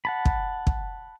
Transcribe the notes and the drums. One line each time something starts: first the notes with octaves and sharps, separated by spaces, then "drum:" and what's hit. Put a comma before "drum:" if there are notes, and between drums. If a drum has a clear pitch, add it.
F#5 A5 B5
drum: kick
drum: kick